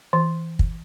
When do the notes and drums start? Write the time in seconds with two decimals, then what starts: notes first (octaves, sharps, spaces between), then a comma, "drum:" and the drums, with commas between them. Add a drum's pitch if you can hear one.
0.13 E3
0.59 drum: kick